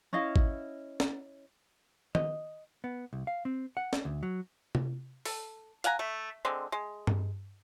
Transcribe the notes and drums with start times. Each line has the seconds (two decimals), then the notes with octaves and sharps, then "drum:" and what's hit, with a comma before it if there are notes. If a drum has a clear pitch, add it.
0.13 C#4 E4 D#5 F5
0.36 drum: kick
1.00 drum: snare
2.15 D#5, drum: tom D#3
2.84 B3
3.13 C2
3.27 F5
3.45 C4
3.77 F#5
3.93 drum: snare
4.05 D2
4.23 F#3
4.75 drum: tom C3
5.25 A4, drum: open hi-hat
5.84 F5 F#5 G#5 A#5, drum: hi-hat
5.99 A3
6.45 D3 G#3 C4
6.72 G#3
7.07 drum: tom G2